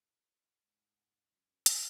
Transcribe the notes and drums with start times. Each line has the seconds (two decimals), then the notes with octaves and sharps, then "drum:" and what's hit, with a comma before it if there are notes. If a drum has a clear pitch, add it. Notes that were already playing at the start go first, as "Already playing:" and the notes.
Already playing: A2
0.62 G#2
1.34 F#2
1.66 drum: hi-hat